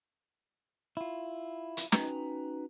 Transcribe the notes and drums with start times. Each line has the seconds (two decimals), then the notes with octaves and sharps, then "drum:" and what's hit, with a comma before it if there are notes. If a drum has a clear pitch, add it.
0.97 E4 F4
1.77 drum: hi-hat
1.92 C#4 D#4 F#4 B4 G5 A#5, drum: snare